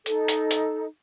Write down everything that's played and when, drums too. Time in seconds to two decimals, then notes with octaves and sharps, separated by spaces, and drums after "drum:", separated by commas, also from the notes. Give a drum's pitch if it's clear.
0.06 D#4 A4, drum: hi-hat
0.28 drum: hi-hat
0.51 drum: hi-hat